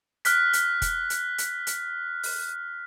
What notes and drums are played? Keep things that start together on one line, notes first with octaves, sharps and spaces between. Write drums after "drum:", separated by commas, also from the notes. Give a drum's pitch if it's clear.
F6 F#6 B6, drum: hi-hat
drum: hi-hat
drum: kick F1, hi-hat
drum: hi-hat
drum: hi-hat
drum: hi-hat
drum: open hi-hat